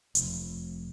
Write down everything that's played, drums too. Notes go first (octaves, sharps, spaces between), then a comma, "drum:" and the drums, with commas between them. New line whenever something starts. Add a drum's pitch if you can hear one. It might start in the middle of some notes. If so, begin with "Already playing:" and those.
F1, drum: hi-hat